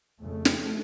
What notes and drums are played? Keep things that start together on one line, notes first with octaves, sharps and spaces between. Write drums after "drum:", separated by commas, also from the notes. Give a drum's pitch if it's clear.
F2 C#3 A3
drum: snare